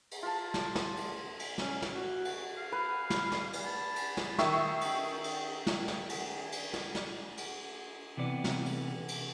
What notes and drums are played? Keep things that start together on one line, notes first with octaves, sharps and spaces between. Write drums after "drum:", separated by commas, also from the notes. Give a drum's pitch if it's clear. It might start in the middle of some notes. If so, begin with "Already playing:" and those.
drum: cymbal
F4 A5
drum: snare
drum: snare
drum: cymbal
drum: cymbal
C#4, drum: snare
drum: snare
F#4
drum: cymbal
F5
B4
drum: snare
drum: snare
drum: cymbal
A5
drum: cymbal
drum: snare
D#3 E5 C#6, drum: snare
drum: cymbal
drum: cymbal
drum: snare
drum: snare
drum: cymbal
drum: cymbal
drum: snare
drum: snare
drum: cymbal
C3 E3 B3 D5
drum: snare
drum: cymbal
drum: cymbal